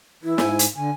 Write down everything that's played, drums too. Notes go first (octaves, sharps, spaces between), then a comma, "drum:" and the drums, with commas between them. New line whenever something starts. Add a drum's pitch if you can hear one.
E3 E4
G#2 G#5, drum: snare
drum: hi-hat
D3 G#5